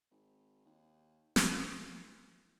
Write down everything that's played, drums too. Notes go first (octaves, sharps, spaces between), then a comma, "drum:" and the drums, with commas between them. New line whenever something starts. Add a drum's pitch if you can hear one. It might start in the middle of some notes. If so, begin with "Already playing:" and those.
G#1
D#2
E3, drum: snare